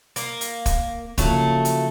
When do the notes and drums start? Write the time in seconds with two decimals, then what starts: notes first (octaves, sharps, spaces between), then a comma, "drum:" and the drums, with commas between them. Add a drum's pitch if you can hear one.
0.16 A#3, drum: hi-hat
0.41 drum: hi-hat
0.66 drum: kick, hi-hat
1.18 C#3 F3 F#3 A3 A#3, drum: kick, hi-hat
1.65 drum: hi-hat